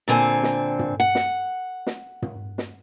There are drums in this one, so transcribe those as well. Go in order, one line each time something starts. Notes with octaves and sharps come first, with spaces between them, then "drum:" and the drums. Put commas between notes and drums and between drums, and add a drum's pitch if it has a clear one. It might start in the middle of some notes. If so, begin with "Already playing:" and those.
A#2 D3 C4 G#5
drum: snare
drum: tom
F#5
drum: snare
drum: snare
drum: tom
drum: snare